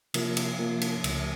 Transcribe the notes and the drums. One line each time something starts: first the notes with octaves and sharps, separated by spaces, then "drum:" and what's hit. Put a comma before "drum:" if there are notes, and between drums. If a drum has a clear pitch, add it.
C3 F3 A#3 F4 A#4, drum: cymbal
drum: cymbal
C3 F3 A#3 F4 A#4
drum: cymbal
C#2 C#3 F3 A3, drum: cymbal